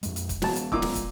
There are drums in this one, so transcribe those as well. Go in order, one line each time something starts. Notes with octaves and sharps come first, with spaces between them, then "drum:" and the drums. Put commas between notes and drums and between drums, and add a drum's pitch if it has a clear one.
F2 G#3, drum: hi-hat
drum: hi-hat
drum: kick, hi-hat
F#3 G#3 B3 A5, drum: snare
drum: hi-hat
A#2 D6 E6, drum: kick
drum: snare
drum: kick, hi-hat